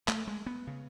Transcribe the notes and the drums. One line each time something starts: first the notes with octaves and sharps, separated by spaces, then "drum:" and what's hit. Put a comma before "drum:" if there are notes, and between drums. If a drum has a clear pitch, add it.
A3, drum: clap
G#3
B3
C#3